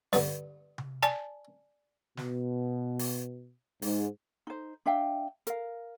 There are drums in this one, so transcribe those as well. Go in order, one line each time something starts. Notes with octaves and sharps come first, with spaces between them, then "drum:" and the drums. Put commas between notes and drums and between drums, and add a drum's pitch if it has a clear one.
G2 D3 B3 D5, drum: open hi-hat
drum: tom C3
D5 G#5 A5, drum: hi-hat
B2, drum: snare
drum: open hi-hat
G#2, drum: open hi-hat
D#4 C5
D4 E5 F5 G5
A#4 F5, drum: hi-hat